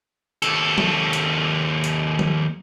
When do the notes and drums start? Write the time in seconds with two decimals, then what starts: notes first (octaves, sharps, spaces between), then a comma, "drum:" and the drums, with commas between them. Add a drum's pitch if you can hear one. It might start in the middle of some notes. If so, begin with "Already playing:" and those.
0.42 D#2 A4, drum: hi-hat
0.78 drum: tom F#3
1.13 drum: hi-hat
1.84 drum: hi-hat
2.19 drum: tom F#3